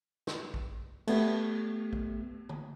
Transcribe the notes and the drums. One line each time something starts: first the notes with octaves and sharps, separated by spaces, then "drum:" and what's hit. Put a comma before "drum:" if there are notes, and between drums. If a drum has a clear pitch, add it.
drum: snare
drum: kick A#1
A3 B3 G4, drum: cymbal
drum: kick A#1
drum: tom